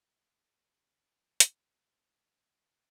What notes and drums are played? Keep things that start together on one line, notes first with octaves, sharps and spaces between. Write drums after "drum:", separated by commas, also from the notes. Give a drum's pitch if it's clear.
A#3
C#3
F3
C#4, drum: hi-hat
D2